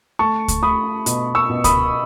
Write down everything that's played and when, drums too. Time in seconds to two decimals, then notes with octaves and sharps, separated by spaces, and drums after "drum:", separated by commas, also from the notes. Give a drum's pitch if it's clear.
0.19 A3 A5 C#6
0.48 drum: kick C#2, hi-hat
0.62 A3 B5 D#6
1.06 B2, drum: hi-hat
1.35 C#6 E6
1.50 B2
1.64 B5 D#6, drum: kick C#2, hi-hat